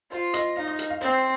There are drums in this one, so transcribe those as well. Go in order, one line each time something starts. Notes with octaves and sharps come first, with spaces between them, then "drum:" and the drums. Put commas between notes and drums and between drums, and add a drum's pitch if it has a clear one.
F4 C5
D#5, drum: hi-hat
D#4 F5
D#5
drum: hi-hat
F5
C4 C5